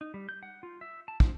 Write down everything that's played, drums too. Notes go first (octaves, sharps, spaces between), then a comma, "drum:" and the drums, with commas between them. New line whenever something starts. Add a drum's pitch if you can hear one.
D#4
G3
G6
F#5
F4
E5
A5
F3, drum: kick